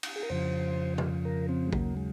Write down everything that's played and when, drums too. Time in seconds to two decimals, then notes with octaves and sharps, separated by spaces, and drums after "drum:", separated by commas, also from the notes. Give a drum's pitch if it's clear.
0.03 drum: cymbal
0.16 G#4
0.23 A#4
0.30 F2 C#3 F3 C5
0.98 drum: tom B2
1.25 A#4
1.49 C4
1.67 G#3
1.73 D#2 C#3 F#3 A#3, drum: kick
1.97 G#3